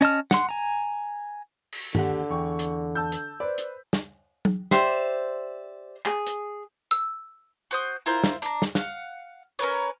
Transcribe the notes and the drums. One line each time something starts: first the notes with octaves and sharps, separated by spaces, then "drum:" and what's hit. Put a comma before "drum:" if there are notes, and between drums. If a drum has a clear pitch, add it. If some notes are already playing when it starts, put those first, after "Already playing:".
C#4 D#5 A5 F6
F#5 C6, drum: snare
G#5 A#5, drum: tambourine
drum: cymbal
D#2 D3 G4 F#5, drum: tom G2
E2 G5 C#6
drum: hi-hat
A5 E6 G6
drum: hi-hat
B4 C5 D5
drum: hi-hat
drum: snare
drum: tom F#3
G4 C5 D5 E5, drum: snare
G#4, drum: clap
drum: hi-hat
E6
F#4 C5 D#6
E4 F4 A#4 C5
drum: snare
D4 A#5, drum: hi-hat
drum: snare
F5 F#5, drum: snare
C#4 A#4 B4 C#5